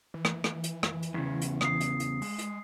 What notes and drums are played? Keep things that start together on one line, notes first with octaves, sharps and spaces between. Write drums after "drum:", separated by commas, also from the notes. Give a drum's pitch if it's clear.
E3
drum: rim click
drum: rim click
drum: hi-hat
drum: rim click
drum: hi-hat
E2 C#3
drum: hi-hat
D#6 C7, drum: rim click
drum: hi-hat
drum: hi-hat
G#3, drum: open hi-hat
drum: hi-hat